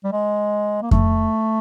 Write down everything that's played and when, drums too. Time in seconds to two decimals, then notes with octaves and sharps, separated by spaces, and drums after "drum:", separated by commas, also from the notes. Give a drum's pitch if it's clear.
0.04 G3
0.13 G#3
0.82 A#3
0.91 A3, drum: kick F2